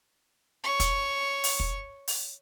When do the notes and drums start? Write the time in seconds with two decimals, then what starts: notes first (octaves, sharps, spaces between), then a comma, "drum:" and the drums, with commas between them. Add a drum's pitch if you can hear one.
0.64 C#5 C#6
0.80 drum: kick, hi-hat
1.44 drum: open hi-hat
1.60 drum: kick
2.08 drum: open hi-hat